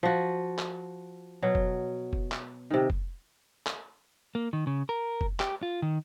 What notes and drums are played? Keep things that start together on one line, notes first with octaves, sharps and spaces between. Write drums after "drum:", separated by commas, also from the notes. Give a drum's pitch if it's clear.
F3 F#4
drum: clap
B2 F#3
drum: kick
drum: kick
drum: clap
C3 D#3
drum: kick
drum: clap
A#3
D#3
C#3
A#4
drum: kick
G4, drum: clap
F4
D#3